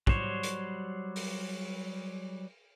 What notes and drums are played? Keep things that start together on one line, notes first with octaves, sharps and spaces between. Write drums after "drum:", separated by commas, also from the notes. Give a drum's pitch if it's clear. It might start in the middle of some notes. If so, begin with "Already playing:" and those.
F#3 G3 C5 C#5, drum: kick
drum: hi-hat
drum: open hi-hat